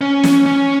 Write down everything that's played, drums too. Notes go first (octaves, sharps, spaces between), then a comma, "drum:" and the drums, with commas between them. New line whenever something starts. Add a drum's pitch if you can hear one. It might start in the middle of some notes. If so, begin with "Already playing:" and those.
C#4
drum: snare
C#4